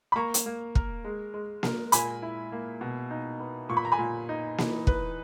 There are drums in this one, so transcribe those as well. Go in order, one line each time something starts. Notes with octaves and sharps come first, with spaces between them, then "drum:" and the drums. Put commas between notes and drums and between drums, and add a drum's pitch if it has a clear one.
B5
A#3 A#5 C#6
drum: hi-hat
A#3
A#4, drum: kick
G#3
G#3
A#4, drum: snare A#3
A#2 G#5 B5, drum: hi-hat
E4
A#3
B2
D#4
B3
A#2 C#6
B5
A#5
G#5 B5
A#2
D#4
E3, drum: snare A#3
B4, drum: kick